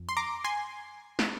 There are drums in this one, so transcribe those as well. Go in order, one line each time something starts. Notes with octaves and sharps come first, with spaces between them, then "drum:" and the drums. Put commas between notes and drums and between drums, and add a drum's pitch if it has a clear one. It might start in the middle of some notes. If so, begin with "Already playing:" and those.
Already playing: F2
C6
A#5 D6
G#5 C6
drum: snare